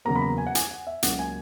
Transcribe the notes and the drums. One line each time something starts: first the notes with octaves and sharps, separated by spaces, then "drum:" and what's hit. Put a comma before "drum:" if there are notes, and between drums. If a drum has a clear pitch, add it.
E2 C#3 F#3 A#3 A#5
B5
A#5
G#5
F#5
G#5, drum: hi-hat
F#5
E5
C#2 C#3 F#3 A#3 F#5, drum: hi-hat
G#5